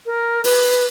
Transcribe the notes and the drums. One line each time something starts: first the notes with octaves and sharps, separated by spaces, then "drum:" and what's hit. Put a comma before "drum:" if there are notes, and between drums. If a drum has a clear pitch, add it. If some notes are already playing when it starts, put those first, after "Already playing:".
A#4
B4, drum: open hi-hat